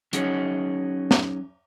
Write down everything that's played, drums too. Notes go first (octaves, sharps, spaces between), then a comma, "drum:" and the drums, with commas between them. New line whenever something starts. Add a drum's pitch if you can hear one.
F#3 C#4 D#4 G#4 C#5, drum: hi-hat
drum: snare